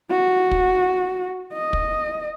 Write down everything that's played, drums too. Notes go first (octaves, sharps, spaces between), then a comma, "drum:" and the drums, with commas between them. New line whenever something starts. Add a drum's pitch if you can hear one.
F#4
drum: kick
D#5
drum: kick